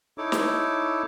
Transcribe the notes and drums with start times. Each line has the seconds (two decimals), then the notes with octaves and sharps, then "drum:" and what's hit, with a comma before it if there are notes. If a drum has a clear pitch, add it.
0.18 D#4 E4 A4 C#5 D6
0.32 drum: snare